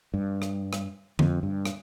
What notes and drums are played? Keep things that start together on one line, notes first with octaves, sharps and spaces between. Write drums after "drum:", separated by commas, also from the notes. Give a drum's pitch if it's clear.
G2
drum: rim click
drum: rim click
F2, drum: tom D3
G2
drum: rim click